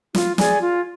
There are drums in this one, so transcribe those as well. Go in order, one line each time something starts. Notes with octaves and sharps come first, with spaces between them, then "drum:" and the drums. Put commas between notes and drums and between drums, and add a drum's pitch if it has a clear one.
F4, drum: snare
G#4 D5 G#5, drum: snare
F4